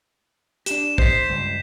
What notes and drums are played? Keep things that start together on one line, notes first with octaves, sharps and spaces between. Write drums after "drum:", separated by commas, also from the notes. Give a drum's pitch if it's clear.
D4 G4 E7, drum: hi-hat
G4 C5 D#5 C6 G6 B6, drum: kick
C#2 G2